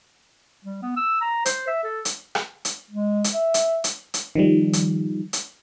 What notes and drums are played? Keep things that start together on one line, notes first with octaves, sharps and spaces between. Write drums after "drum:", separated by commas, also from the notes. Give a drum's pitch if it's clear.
G3
B3
E6
A#5
C5, drum: hi-hat
E5
A4
drum: hi-hat
drum: rim click
drum: hi-hat
G#3
drum: hi-hat
E5
drum: hi-hat
drum: hi-hat
drum: hi-hat
D#3 F3 G3
drum: hi-hat
drum: hi-hat